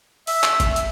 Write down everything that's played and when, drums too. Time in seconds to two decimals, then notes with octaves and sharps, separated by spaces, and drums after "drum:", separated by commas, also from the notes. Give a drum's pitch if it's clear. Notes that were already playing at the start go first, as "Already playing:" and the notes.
0.27 E5, drum: open hi-hat
0.44 drum: clap
0.60 drum: kick, hi-hat
0.76 drum: hi-hat